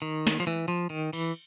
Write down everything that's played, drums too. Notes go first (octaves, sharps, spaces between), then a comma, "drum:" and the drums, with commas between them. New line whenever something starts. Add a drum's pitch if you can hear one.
D#3
drum: snare
F3
E3
F3
D#3
E3, drum: cymbal